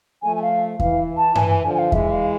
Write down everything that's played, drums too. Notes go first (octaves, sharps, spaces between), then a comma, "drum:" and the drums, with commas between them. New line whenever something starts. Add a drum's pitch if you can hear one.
F3 A3 G#5
G#5
F5
E3 F5, drum: kick E2
A5
E3 G#5, drum: tom G2
G#5
D3 F3 G#5
G#5
F5
E3 G#3 E5, drum: kick E2
F5